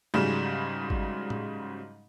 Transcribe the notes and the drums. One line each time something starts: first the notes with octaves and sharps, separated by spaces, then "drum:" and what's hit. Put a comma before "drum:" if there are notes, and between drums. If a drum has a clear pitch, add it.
G#2 C#3 F#3 G3
drum: kick G#1
drum: tom A2